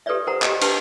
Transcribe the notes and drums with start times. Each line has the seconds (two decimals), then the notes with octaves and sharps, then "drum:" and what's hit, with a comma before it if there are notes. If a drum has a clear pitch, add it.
0.06 G4 A4 B4 C#5 D5 E5
0.27 A#4 C5 F#5 A#5
0.42 G4 D#5, drum: clap
0.62 D4 G4 B4 F#5 A5, drum: cymbal